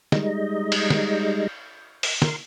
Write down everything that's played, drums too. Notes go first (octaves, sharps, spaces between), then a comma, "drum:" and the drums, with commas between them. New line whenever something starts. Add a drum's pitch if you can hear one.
G3 G#3 D#4 D#5, drum: snare
drum: cymbal
drum: snare
drum: open hi-hat
A#4 C6, drum: snare